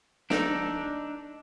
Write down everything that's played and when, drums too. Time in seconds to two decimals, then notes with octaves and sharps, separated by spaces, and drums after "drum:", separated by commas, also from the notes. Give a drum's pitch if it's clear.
0.30 D4 D#4 A4, drum: snare